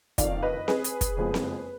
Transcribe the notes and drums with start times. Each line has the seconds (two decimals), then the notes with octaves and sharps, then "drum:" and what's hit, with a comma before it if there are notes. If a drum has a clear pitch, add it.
0.18 F#1 F2 D#3 D5 F5, drum: kick, hi-hat
0.43 B4 D#5
0.68 G#4 B4, drum: snare C4
0.84 drum: hi-hat
1.01 drum: kick, hi-hat
1.17 F#1 F2 F3 G#3 B3
1.34 drum: snare C4